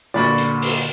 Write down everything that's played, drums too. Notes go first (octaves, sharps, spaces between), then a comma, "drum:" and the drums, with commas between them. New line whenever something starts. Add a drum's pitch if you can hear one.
A#2 D3 F4 F#4 B4 D5
drum: hi-hat
drum: open hi-hat